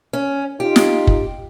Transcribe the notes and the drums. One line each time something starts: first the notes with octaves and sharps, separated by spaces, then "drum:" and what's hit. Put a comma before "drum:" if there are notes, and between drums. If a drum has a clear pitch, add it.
C#4
D#4 F4 G4
drum: snare
drum: kick